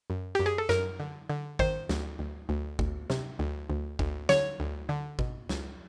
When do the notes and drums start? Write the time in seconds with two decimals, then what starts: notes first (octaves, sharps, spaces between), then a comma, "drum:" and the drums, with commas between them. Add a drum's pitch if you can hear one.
0.10 F#2
0.35 F#2 G4
0.46 G#4
0.58 A4
0.69 F#2 A#4, drum: snare
1.00 D3
1.30 D3
1.59 D#3 C5, drum: kick G#1
1.89 D2, drum: snare
2.19 D2
2.49 D2
2.79 D2, drum: kick G#1
3.10 C3, drum: snare
3.39 D2
3.70 D2
3.99 D2, drum: kick G#1
4.29 D3 C#5, drum: snare
4.60 D2
4.89 D3
5.19 B2, drum: kick G#1
5.49 C#2, drum: snare